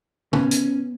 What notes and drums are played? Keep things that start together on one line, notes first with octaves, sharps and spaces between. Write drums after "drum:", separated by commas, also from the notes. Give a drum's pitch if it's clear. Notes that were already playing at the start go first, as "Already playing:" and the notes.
B3 C#4, drum: tom
drum: hi-hat